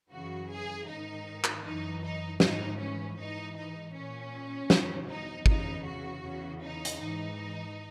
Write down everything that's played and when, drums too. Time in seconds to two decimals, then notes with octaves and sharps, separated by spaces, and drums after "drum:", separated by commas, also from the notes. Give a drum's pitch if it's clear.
0.11 F#2 C#3 E3 F#4
0.50 G#4
0.87 G#2 D#3 D#4
1.44 drum: clap
1.64 F#2 E3 D#4
2.03 D#4
2.40 G#2 E3 D#4, drum: snare
2.79 C#4
3.17 G#2 E3 D#4
3.55 D#4
3.93 A#2 C#4
4.70 E2 B2, drum: snare
5.08 D#4
5.46 E2 C#3 E3 D#4, drum: kick
5.84 F#4
6.22 E2 C#3 E3
6.61 D#4
6.85 drum: hi-hat
6.99 G#2 E3 D#4